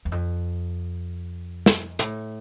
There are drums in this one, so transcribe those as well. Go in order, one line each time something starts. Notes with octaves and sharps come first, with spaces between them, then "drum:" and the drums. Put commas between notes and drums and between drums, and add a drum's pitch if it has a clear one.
E2
F2
drum: snare
A2, drum: hi-hat